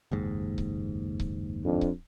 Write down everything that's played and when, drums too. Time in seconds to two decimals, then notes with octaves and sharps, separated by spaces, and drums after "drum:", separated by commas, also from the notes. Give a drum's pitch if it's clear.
0.11 F#1 D#2 G#2
0.58 drum: kick C#1
1.20 drum: kick C#1
1.64 F2 D4
1.81 drum: kick C#1